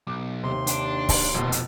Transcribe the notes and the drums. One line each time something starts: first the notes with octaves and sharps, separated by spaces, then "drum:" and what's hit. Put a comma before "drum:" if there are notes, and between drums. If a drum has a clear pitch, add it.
B1 D6
D#2 C3 C6
D4, drum: hi-hat
drum: kick C#1, open hi-hat
F1 F2 B2 F3
drum: hi-hat